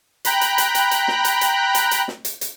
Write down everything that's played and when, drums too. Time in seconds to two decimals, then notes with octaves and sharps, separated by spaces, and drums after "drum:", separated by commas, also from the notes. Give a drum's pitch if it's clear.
0.25 G5 A#5 B5 F#6, drum: hi-hat
0.41 drum: hi-hat
0.58 drum: hi-hat
0.75 drum: hi-hat
0.91 drum: hi-hat
1.08 drum: snare
1.25 drum: hi-hat
1.41 drum: hi-hat
1.75 drum: hi-hat
1.91 drum: hi-hat
2.08 drum: snare
2.25 drum: hi-hat
2.41 drum: hi-hat